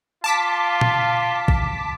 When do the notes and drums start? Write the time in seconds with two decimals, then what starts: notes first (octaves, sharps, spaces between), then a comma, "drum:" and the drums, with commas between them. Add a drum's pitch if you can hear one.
0.24 F4 A5 D6 B6
0.81 drum: tom A#2
1.48 drum: kick